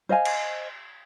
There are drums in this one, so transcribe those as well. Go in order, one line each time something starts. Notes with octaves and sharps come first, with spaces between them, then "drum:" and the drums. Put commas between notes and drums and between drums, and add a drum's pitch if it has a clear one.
C5 D#5 F5 G#5
drum: cymbal